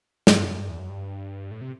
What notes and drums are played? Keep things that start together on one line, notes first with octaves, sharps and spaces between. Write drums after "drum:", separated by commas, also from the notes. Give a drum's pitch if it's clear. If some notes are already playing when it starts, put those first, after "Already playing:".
G2, drum: snare
F#2
G2
E2
F#2
G2
A2
C3